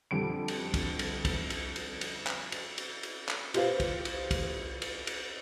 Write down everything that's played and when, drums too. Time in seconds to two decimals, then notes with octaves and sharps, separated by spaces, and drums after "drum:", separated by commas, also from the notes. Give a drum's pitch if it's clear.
0.11 F2 D3 G3 D7
0.48 drum: cymbal
0.74 drum: kick, cymbal
0.99 drum: cymbal
1.25 drum: kick, cymbal
1.50 drum: cymbal
1.76 drum: cymbal
2.01 drum: cymbal
2.27 drum: clap
2.52 drum: cymbal
2.78 drum: cymbal
3.03 drum: cymbal
3.29 drum: clap
3.54 F4 G4 B4 C5 F5, drum: cymbal
3.80 drum: kick, cymbal
4.05 drum: cymbal
4.31 drum: kick, cymbal
4.82 drum: cymbal
5.07 drum: cymbal